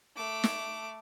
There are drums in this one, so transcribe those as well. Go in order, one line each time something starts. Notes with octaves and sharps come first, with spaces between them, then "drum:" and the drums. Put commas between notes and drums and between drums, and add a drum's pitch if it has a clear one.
A3 D6
drum: snare